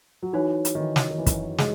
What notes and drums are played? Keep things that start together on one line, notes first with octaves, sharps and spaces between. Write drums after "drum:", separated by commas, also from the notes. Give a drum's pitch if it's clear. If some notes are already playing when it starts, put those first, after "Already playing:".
F#3
E3 D#4 F#4 C#5
drum: hi-hat
D#3
E3
drum: snare
D#3
E3
F#2 F#3, drum: kick, hi-hat
G#3, drum: snare